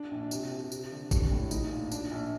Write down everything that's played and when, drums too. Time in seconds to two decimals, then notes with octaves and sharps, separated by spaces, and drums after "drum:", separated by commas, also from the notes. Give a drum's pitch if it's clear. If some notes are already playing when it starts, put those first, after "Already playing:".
Already playing: D4
0.11 A#1
0.31 C3, drum: tambourine
0.51 C3
0.72 G4, drum: tambourine
0.91 D3
1.11 G4, drum: kick, tambourine
1.31 A2
1.51 D#4, drum: tambourine
1.72 A#2
1.92 D4, drum: tambourine
2.11 A#1